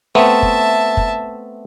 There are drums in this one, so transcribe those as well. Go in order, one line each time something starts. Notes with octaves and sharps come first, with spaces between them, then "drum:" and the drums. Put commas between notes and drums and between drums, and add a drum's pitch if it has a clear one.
A3 B3 C4 E5 A5
drum: kick
drum: kick